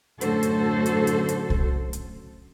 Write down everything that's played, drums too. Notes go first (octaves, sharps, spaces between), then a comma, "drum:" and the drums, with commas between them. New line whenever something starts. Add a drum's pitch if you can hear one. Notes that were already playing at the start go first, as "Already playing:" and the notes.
F#2 A2 D3 F#4 A4 C5, drum: hi-hat
drum: hi-hat
drum: hi-hat
drum: hi-hat
drum: hi-hat
drum: kick C2
drum: hi-hat